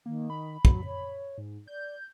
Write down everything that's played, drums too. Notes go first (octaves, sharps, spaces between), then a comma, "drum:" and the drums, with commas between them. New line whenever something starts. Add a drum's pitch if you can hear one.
D#3 A#3
B5
F#3, drum: kick
C#5
G#2
D5 G6